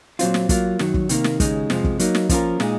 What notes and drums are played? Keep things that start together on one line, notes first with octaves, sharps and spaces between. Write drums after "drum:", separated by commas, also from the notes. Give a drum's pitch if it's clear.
A#2 F#3 C4 F4, drum: hi-hat
drum: snare
F#3 A#3 F4, drum: kick, hi-hat
F#2 D#3 F#3, drum: snare
drum: kick
C3 D#3 A#3, drum: hi-hat
drum: snare
D#2 C#3 G#3 D#4, drum: kick, hi-hat
F2 C3 F3 G#3, drum: snare
drum: kick
F#3 A#3 D#4, drum: hi-hat
drum: snare
F3 A#3 C#4 F4 A#4, drum: kick, hi-hat
A#2 G#3 C4 D#4, drum: snare